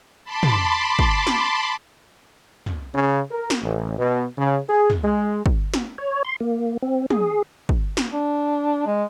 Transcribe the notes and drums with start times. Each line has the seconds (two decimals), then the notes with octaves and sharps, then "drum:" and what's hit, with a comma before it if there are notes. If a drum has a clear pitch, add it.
0.24 A5 B5 C6 D6
0.43 drum: tom
0.99 drum: kick
1.27 drum: snare
2.66 drum: tom
2.94 C#3
3.31 A#4
3.50 drum: snare
3.62 A1
3.98 B2
4.38 C#3
4.68 G#4
4.90 drum: tom
5.04 G#3
5.46 drum: kick
5.74 drum: snare
5.98 C#5
6.25 C6
6.40 A#3
6.83 C4
7.10 G#4, drum: tom
7.69 drum: kick
7.97 drum: snare
8.13 D4
8.87 G#3